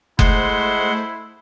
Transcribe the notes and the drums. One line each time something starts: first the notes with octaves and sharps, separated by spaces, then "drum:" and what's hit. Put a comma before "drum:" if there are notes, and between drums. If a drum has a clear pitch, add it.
G#3 A3 E4 C5 F#5 C6, drum: kick F#1